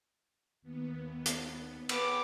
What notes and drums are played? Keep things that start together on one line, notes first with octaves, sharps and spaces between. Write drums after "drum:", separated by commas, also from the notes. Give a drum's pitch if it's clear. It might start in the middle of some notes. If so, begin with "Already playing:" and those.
D#2 B3
drum: hi-hat
B3 D6, drum: cymbal